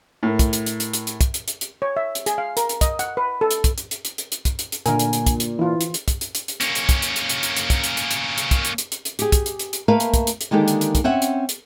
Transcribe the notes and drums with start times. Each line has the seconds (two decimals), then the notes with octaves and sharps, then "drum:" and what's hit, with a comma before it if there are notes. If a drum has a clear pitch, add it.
0.23 A2 A#4
0.39 drum: kick, hi-hat
0.53 drum: hi-hat
0.66 drum: hi-hat
0.80 drum: hi-hat
0.93 drum: hi-hat
1.07 drum: hi-hat
1.21 drum: kick, hi-hat
1.34 drum: hi-hat
1.48 drum: hi-hat
1.61 drum: hi-hat
1.82 C#5
1.97 E5
2.15 drum: hi-hat
2.26 G#4, drum: hi-hat
2.38 F5
2.57 A#4, drum: hi-hat
2.69 drum: hi-hat
2.81 D#5, drum: kick, hi-hat
2.99 F#5, drum: hi-hat
3.17 B4
3.41 A4
3.51 drum: hi-hat
3.64 drum: kick, hi-hat
3.78 drum: hi-hat
3.91 drum: hi-hat
4.05 drum: hi-hat
4.18 drum: hi-hat
4.32 drum: hi-hat
4.45 drum: kick, hi-hat
4.59 drum: hi-hat
4.72 drum: hi-hat
4.86 A#2 D3 A#4 G#5, drum: hi-hat
4.99 drum: hi-hat
5.13 drum: hi-hat
5.26 drum: kick, hi-hat
5.40 drum: hi-hat
5.59 E3 E4 F4
5.81 drum: hi-hat
5.94 drum: hi-hat
6.08 drum: kick, hi-hat
6.21 drum: hi-hat
6.35 drum: hi-hat
6.48 drum: hi-hat
6.61 A#3 C#4, drum: hi-hat
6.75 drum: hi-hat
6.89 drum: kick, hi-hat
7.02 drum: hi-hat
7.16 drum: hi-hat
7.29 drum: hi-hat
7.43 drum: hi-hat
7.56 drum: hi-hat
7.70 drum: kick, hi-hat
7.84 drum: hi-hat
7.97 drum: hi-hat
8.11 drum: hi-hat
8.38 drum: hi-hat
8.51 drum: kick, hi-hat
8.65 drum: hi-hat
8.78 drum: hi-hat
8.92 drum: hi-hat
9.05 drum: hi-hat
9.19 G4 G#4, drum: hi-hat
9.32 drum: kick, hi-hat
9.46 drum: hi-hat
9.59 drum: hi-hat
9.73 drum: hi-hat
9.88 A3 A#3 A#4 B4 F5
10.00 drum: hi-hat
10.14 drum: kick, hi-hat
10.27 drum: hi-hat
10.41 drum: hi-hat
10.51 D3 D#3 G#3 A#3 G4 A4
10.68 drum: hi-hat
10.81 drum: hi-hat
10.95 drum: kick, hi-hat
11.04 C4 C#4 E5 F#5
11.22 drum: hi-hat
11.49 drum: hi-hat